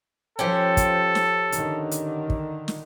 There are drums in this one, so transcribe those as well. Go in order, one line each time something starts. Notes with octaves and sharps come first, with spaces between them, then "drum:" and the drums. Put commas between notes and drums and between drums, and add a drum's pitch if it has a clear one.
F3 C#4 G4 A4 C5
drum: kick, hi-hat
drum: snare
D3 D#3, drum: hi-hat
drum: hi-hat
drum: kick
drum: snare